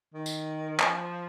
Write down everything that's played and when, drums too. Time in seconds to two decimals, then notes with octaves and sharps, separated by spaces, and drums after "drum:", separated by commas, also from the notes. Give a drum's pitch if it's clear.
0.14 D#3
0.26 drum: tambourine
0.79 F3, drum: clap